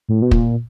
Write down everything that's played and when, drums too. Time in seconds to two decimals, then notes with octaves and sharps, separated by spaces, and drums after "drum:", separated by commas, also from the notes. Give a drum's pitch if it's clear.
0.09 A2
0.22 B2
0.31 A#2, drum: kick